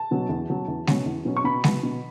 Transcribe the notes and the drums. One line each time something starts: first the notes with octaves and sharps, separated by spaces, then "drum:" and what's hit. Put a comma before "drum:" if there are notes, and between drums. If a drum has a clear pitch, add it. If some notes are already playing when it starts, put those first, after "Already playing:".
Already playing: A5
B2 F#3 C#4
E2
B2 F#3 C#4
E2
B2 F#3 C#4, drum: snare G#3
E2
B2 F#3 C#4
C#6
B2 B5
F#3 B3, drum: snare G#3
B2